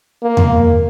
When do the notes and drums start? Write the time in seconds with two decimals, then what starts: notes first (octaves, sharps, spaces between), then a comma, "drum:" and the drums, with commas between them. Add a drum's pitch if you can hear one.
0.23 A#3
0.37 drum: tom E2